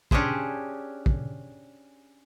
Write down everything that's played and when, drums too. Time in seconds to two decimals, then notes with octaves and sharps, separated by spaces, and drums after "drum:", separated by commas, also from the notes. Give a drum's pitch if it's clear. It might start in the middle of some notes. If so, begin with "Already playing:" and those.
0.11 C#4 D4 G4 G#4 C5, drum: kick
1.06 drum: kick